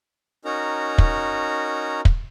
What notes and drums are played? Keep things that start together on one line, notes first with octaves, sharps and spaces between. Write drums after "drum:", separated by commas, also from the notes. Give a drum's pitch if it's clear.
C#4 D#4 F#4 A#4 A#5
drum: kick
drum: kick